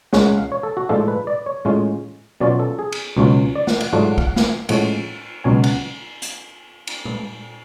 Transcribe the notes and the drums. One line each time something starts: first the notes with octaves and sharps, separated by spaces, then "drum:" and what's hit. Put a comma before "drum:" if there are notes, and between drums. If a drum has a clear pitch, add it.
C#2 C#3 G#3 C#4 F#5, drum: snare
F#5
F5
C#5
A4
F#4
A2 F3 G#3 D4 F4 A4
B4
D5
C#5
A2 G#3 C#4 F4
B2 F#3 C#4 F4 D5
A4
G#4
drum: cymbal
C#2 B2 F#3 C#4 F4
D5
F#5, drum: snare
F#5, drum: cymbal
G#2 F#3 A3 D4 F4 F#5
F#5
F5, drum: kick
F#5
F5, drum: snare
A2 F3 G#3 C#4 F#5, drum: cymbal
C#2 B2 F#3 C#4 G#5
F#5, drum: cymbal
drum: hi-hat
drum: cymbal
drum: tom